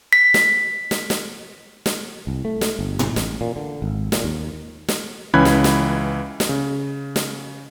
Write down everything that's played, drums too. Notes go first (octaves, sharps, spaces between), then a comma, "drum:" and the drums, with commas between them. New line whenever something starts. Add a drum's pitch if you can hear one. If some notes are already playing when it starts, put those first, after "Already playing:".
B6
drum: snare
drum: snare
drum: snare
drum: snare
C2
A3
drum: snare
G1
drum: tom A2
A1, drum: snare
A#2
D3
G#1
A#2, drum: snare
D#2
drum: snare
C#2 E3 C#4 B5 F#6 G#6
drum: snare
drum: snare
drum: snare
C#3
drum: snare